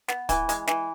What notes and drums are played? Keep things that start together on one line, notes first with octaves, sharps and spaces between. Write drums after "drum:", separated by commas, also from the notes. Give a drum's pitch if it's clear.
B3, drum: snare
E3, drum: kick, hi-hat
G#3, drum: hi-hat
E3, drum: snare